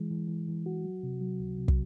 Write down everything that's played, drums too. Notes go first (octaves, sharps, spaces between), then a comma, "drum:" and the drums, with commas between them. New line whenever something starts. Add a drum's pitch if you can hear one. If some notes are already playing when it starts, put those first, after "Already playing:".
Already playing: E3 G#3
E3
E3
E3
F#4
F#3
C3
F#3
C#2
C3
drum: kick